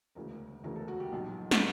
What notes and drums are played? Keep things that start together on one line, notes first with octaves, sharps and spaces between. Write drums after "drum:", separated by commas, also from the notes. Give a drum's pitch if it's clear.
E1 D2 C#3 E3 A#4
E1 D2 C#3 E3 A#4
A4
F#4
G4
B1 A#2 F3
drum: snare